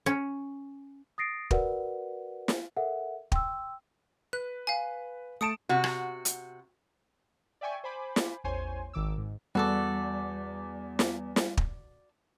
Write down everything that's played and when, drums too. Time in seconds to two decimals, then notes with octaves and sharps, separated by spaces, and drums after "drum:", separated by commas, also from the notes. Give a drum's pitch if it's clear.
0.06 C#4
1.18 D#6 A6 A#6 C7 D7
1.51 F#4 A#4 B4 D5 F#5, drum: kick
2.48 drum: snare
2.77 A4 A#4 E5 F#5
3.32 G5 C6 E6, drum: kick
4.33 B4 F#6
4.67 F5 G#5
5.41 A3 A5 D#6 C#7 D7 E7
5.69 C3 F#4
5.84 drum: rim click
6.25 drum: hi-hat
7.61 D5 E5 G5 G#5 C#6
7.84 C5 G#5 B5 D6
8.16 drum: snare
8.44 A1 E2 C5 C#5 G#5 C6
8.93 G#1 D#3 D6 E6
9.18 G#2
9.55 E2 G3 F#4 A4 D5
10.99 drum: snare
11.36 drum: snare
11.57 drum: kick